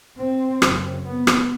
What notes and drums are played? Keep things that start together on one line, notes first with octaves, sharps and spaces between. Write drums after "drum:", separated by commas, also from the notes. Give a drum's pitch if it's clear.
C4
F#2 C#3, drum: rim click
B3
drum: rim click